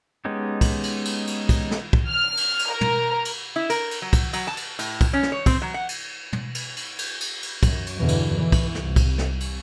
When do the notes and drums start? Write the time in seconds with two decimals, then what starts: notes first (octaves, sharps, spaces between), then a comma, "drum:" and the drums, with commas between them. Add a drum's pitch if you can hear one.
0.25 G#3 B3 C#4 D#4 G4
0.61 drum: kick, cymbal
0.83 drum: cymbal
1.05 drum: cymbal
1.27 drum: cymbal
1.49 drum: kick, cymbal
1.71 drum: snare
1.93 drum: kick
2.11 F6
2.37 drum: cymbal
2.59 drum: cymbal
2.71 A#4
2.81 drum: tom
3.25 drum: cymbal
3.56 E4
3.70 A#4, drum: cymbal
3.91 drum: cymbal
4.02 F#3
4.13 drum: kick, cymbal
4.33 F#3, drum: cymbal
4.47 A5
4.57 drum: cymbal
4.79 A2, drum: cymbal
5.01 drum: kick, cymbal
5.13 C#4
5.23 drum: snare
5.32 C#5
5.46 C4, drum: kick, cymbal
5.62 F#3
5.74 F#5
5.89 drum: cymbal
6.33 drum: tom
6.55 drum: cymbal
6.77 drum: cymbal
6.99 drum: cymbal
7.21 drum: cymbal
7.42 drum: cymbal
7.63 F#2, drum: kick, cymbal
7.86 drum: cymbal
7.98 E2 G2 B2 D3 E3 F#3
8.08 drum: cymbal
8.37 E3
8.52 drum: kick, cymbal
8.75 C2, drum: snare
8.96 drum: kick, cymbal
9.18 drum: snare
9.40 drum: cymbal